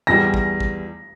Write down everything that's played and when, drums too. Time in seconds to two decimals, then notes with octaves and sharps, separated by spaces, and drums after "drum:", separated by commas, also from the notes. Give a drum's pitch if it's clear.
0.07 E2 E3 G3 A#6
0.34 drum: kick
0.60 drum: kick